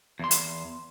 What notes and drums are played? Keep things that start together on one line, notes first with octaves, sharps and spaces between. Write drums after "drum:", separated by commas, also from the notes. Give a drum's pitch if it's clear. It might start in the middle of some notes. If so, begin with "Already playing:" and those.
E2 C6
drum: hi-hat